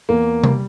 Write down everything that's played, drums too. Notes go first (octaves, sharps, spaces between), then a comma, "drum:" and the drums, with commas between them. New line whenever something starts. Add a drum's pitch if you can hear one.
E2 A#3
G3, drum: tom C3